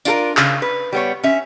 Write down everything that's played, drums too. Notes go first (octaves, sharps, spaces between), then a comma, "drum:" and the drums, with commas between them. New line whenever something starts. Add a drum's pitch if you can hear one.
D4 F4 A4 A#4, drum: tambourine
C#3, drum: clap
B4
G3 B3 C#5
C#4 E5